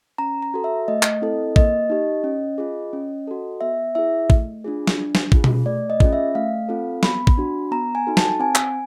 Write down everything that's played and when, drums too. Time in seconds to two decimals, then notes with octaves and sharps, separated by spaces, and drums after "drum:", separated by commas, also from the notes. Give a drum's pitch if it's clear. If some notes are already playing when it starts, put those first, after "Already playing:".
0.18 C#4 A#5
0.42 A#5
0.54 F#4 A4
0.64 E5
0.88 A3 D#5
1.03 drum: clap
1.21 C4 E4 A4
1.56 A#3 D#5, drum: kick A1
1.90 D#4 G4
2.24 C#4
2.58 F4 G#4
2.93 C#4
3.27 F#4 A4
3.61 B3 E5
3.95 E4 G#4 E5
4.30 A3, drum: kick A1
4.64 D4 F4 G#4
4.87 drum: snare
4.97 D4
5.15 drum: snare
5.32 F4 G#4, drum: kick A1
5.44 drum: tom B2
5.66 A3 D5
5.90 D#5
6.00 C#4 F4 G#4, drum: kick A1
6.13 E5
6.35 A3 F5
6.69 C4 F4 A4
7.03 B3 B5, drum: snare
7.27 drum: kick A1
7.38 D4 F#4
7.71 B3 A#5
7.95 G#5
8.07 D#4 F#4 A4
8.17 A5, drum: snare
8.40 C4 G#5
8.55 drum: clap